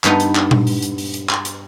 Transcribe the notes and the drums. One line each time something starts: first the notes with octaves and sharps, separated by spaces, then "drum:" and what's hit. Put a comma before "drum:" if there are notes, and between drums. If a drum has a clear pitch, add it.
G2 B3 D#4, drum: clap
drum: hi-hat
drum: clap
drum: tom A#2
drum: open hi-hat
drum: hi-hat
drum: open hi-hat
drum: hi-hat
drum: clap
drum: hi-hat